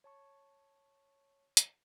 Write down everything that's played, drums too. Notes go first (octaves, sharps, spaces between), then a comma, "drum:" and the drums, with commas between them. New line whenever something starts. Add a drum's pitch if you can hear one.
C#5 A5 C#6
drum: hi-hat